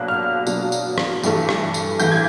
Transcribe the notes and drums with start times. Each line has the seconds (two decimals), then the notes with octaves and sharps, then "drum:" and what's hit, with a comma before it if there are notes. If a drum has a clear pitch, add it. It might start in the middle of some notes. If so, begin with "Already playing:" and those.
Already playing: B2 F#3 A#3 D4 F#6
0.08 F6
0.47 B2 F#3 A#3 D4, drum: tambourine
0.72 drum: tambourine
0.98 drum: rim click
1.23 G2 E3 A3, drum: tambourine
1.49 drum: rim click
1.74 drum: tambourine
2.00 G2 E3 A3 G6, drum: tambourine
2.12 G#6